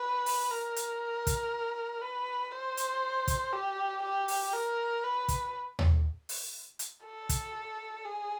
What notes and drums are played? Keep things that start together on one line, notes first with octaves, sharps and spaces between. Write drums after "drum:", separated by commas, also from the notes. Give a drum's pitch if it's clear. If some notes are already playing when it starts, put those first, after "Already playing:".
Already playing: B4
drum: open hi-hat
A#4
drum: hi-hat
drum: kick, hi-hat
B4
C5
drum: hi-hat
drum: kick, hi-hat
G4
G4
drum: open hi-hat
A#4
B4
drum: kick, hi-hat
drum: tom D#2
drum: open hi-hat
drum: hi-hat
A4
drum: kick, hi-hat
G#4